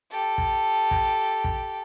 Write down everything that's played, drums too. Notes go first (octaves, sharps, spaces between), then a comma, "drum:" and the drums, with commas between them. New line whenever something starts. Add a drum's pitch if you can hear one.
G4 A4
drum: kick
drum: kick
drum: kick